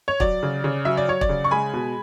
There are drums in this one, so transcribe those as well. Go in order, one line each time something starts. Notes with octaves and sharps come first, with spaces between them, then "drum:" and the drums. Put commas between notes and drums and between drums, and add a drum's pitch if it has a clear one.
C#5
F#3 D5, drum: kick
C#3
C#3
F#3 E5
D5
F#3 C#5
D5, drum: kick
C#3
C#6
G#3 G#5 B5
B2